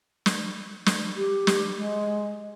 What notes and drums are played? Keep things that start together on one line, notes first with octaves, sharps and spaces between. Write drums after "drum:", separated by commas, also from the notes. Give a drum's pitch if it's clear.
drum: snare
drum: snare
G4
drum: snare
G#3